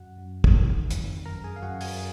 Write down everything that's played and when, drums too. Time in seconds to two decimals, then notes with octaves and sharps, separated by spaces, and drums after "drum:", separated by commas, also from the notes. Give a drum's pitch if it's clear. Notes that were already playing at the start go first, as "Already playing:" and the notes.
Already playing: F#2 F#4 F#5
0.17 F#2
0.44 drum: kick
0.54 D#3
0.91 F2, drum: hi-hat
1.26 F#2 A#4 A#5
1.44 G#4 G#5
1.56 F5
1.62 F#2 F#4 F#5
1.81 G#4 G#5, drum: open hi-hat